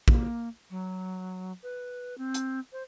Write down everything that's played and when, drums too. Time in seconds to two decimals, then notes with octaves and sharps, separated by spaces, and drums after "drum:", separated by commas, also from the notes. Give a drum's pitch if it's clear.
0.08 A#3, drum: kick
0.71 F#3
1.63 B4
2.18 C4
2.34 drum: hi-hat
2.73 C5